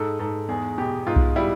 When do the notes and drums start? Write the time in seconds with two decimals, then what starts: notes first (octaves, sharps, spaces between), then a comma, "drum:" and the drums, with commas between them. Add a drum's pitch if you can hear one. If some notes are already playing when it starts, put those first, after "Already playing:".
Already playing: G#2 A4
0.19 G#2 A4
0.49 E2 G#4
0.78 B2 G4
1.07 G#2 F4
1.16 drum: kick B1
1.36 G3 E4